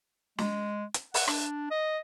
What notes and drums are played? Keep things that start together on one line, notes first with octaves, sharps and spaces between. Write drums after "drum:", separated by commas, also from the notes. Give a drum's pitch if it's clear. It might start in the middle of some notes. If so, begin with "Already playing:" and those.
G#3, drum: snare
drum: hi-hat
F#5, drum: open hi-hat
D4, drum: rim click
D#5